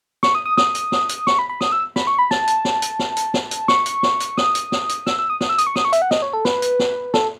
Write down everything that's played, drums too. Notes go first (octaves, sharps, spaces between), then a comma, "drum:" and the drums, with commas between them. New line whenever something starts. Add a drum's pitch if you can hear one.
C#6, drum: snare
D#6
D#6
D#6, drum: snare
drum: hi-hat
drum: snare
drum: hi-hat
C#6, drum: snare
B5
B5
D#6, drum: snare
E6
B5, drum: snare
C#6
B5
A5, drum: snare
drum: hi-hat
drum: snare
drum: hi-hat
drum: snare
drum: hi-hat
drum: snare
drum: hi-hat
C#6, drum: snare
drum: hi-hat
drum: snare
drum: hi-hat
D#6, drum: snare
drum: hi-hat
drum: snare
drum: hi-hat
E6, drum: snare
E6
D#6
D#6, drum: snare
E6
D#6, drum: hi-hat
C#6
D#6, drum: snare
C#6
E5, drum: hi-hat
F#5
D#5, drum: snare
C#5
A4
B4, drum: snare
drum: hi-hat
drum: snare
A4, drum: snare